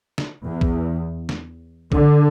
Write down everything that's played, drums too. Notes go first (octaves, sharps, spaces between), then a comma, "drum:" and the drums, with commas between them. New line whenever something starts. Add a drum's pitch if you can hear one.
drum: snare
E2
drum: kick A#1
drum: snare
D3, drum: kick A#1